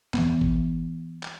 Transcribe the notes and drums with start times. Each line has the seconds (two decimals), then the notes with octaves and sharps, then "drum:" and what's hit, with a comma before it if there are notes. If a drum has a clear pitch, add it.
0.14 E3 B3, drum: clap
0.41 drum: kick G#1
1.23 drum: clap